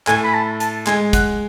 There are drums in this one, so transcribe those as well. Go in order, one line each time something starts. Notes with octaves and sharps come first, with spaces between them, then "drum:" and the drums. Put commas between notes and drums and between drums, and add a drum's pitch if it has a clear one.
A2 A3 G#5, drum: clap
B5
A5
A5, drum: hi-hat
G#3 G#5, drum: clap
F#5, drum: kick, hi-hat